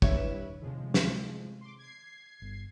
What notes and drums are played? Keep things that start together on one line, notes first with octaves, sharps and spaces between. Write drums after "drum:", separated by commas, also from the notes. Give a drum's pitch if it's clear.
D#1 D#2 G3 D4 E4 B4 C#5 E5, drum: kick
A2 C3 D#3 F3 G#3
drum: snare
C6 D6
G#6 C7
G1